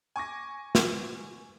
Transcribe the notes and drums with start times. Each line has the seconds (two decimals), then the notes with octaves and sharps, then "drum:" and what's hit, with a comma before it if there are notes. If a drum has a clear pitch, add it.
0.16 G#5 C#6 D6 A#6
0.75 drum: snare